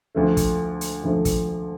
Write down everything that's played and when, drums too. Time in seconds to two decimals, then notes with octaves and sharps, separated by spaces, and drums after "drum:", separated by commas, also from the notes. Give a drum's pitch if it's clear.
0.15 D2 D3 F3 A3
0.37 drum: kick, hi-hat
0.81 drum: hi-hat
1.04 D2 D3 F3 A3
1.25 drum: kick, hi-hat